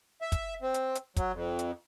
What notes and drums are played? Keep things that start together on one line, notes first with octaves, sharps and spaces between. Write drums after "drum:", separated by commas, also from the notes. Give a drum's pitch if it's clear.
E5
drum: kick, hi-hat
C4
drum: hi-hat
drum: hi-hat
F#3, drum: kick, hi-hat
F2
drum: hi-hat